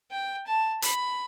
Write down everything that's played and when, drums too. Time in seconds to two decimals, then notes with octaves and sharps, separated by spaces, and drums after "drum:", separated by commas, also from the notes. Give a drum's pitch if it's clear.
0.11 G5
0.47 A5
0.82 B5, drum: hi-hat